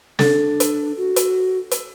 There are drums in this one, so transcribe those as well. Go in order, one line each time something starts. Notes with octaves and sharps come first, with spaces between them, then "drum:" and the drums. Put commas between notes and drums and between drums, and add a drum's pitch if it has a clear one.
D4 A4, drum: snare
drum: hi-hat
F#4
drum: hi-hat
drum: hi-hat